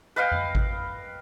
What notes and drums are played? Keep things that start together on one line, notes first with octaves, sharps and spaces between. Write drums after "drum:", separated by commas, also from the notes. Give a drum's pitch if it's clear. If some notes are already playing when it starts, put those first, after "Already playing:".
B4 D#5 F5 G5
drum: tom F2
drum: kick G#1